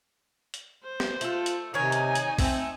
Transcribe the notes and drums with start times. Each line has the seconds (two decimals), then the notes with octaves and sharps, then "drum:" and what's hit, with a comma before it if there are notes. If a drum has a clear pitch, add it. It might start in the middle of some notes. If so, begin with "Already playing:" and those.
0.54 drum: hi-hat
0.84 C5
1.00 drum: snare
1.21 A3 F4 A4, drum: hi-hat
1.46 drum: hi-hat
1.74 C3 D#3 D#4 A#4 C#5 G#5
1.92 drum: hi-hat
2.15 drum: hi-hat
2.39 A3 C4 E5, drum: kick, open hi-hat